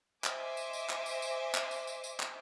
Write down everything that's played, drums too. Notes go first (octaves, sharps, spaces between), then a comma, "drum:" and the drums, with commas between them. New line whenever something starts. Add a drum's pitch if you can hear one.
C5 D#5 E5 G#5 D6, drum: clap
drum: tambourine
drum: tambourine
drum: clap
drum: tambourine
drum: tambourine
drum: clap
drum: tambourine
drum: tambourine
drum: tambourine
drum: clap